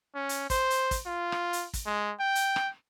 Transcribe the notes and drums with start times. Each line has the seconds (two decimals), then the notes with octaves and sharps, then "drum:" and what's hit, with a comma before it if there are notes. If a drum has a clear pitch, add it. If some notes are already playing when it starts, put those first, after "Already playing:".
0.15 C#4
0.29 drum: hi-hat
0.50 C5, drum: kick, hi-hat
0.70 drum: hi-hat
0.91 drum: kick, hi-hat
1.06 F4
1.32 drum: rim click
1.53 drum: hi-hat
1.73 drum: kick, hi-hat
1.86 G#3
2.20 G5
2.35 drum: hi-hat
2.56 drum: rim click